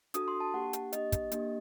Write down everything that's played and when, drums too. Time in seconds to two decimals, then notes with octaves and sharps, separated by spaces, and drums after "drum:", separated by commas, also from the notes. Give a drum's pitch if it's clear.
0.14 D4 F#4 A4 D#6, drum: hi-hat
0.28 C6
0.40 A5
0.54 A#3 D4 G4 F#5
0.73 drum: hi-hat
0.93 A#3 D4 G4 D#5, drum: hi-hat
1.12 drum: kick, hi-hat
1.32 A#3 D4 G4, drum: hi-hat